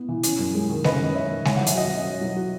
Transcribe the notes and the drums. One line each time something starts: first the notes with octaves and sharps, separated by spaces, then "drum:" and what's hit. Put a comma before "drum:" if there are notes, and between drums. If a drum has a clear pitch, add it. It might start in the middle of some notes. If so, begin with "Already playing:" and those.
Already playing: B3 E4
E3
C#4, drum: hi-hat
F#2
G#3
D#3
C#4 B4 D#5, drum: snare G#3
F#2
G#3 C#5 E5
D#3
C#5 G#5, drum: snare G#3
F#3 F#5
E5, drum: hi-hat
F#4 D#5 F#5
C#4
C#5
F#3
F#4